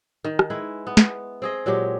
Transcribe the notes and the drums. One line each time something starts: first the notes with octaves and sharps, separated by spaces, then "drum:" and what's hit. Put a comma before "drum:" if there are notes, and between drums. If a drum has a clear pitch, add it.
D#3
drum: rim click
G#3 E4 B4
B3
drum: snare
C4 G#4 D#5
A#2 F#3 G#3 G4